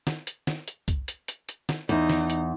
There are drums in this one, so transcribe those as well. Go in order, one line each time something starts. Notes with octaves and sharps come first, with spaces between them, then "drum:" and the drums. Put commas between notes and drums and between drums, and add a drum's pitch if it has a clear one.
drum: snare
drum: hi-hat
drum: snare
drum: hi-hat
drum: kick, hi-hat
drum: hi-hat
drum: hi-hat
drum: hi-hat
drum: snare
E2 D#4, drum: hi-hat
drum: snare
drum: hi-hat